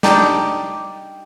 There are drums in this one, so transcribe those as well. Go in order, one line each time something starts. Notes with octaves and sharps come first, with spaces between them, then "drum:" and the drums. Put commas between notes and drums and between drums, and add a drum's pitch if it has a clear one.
G3 D4 D#4 G4, drum: snare